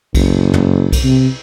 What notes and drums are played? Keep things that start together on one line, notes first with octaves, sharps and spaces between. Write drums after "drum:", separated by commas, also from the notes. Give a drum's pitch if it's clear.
F#1, drum: kick B1, cymbal
drum: tom
drum: kick B1, cymbal
C3